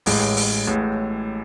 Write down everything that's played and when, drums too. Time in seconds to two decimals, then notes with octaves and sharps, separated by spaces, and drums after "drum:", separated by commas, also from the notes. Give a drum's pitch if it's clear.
0.06 A1 A2 G#3, drum: open hi-hat
0.37 drum: open hi-hat
0.67 A1 A2 G#3